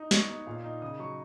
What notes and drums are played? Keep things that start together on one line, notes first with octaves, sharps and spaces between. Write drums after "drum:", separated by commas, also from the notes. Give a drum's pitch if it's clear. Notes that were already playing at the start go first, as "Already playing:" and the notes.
Already playing: D#4
B3 C#5, drum: snare
D#4
A#2 F5
D#4
C#3 D#6
F#3 C#6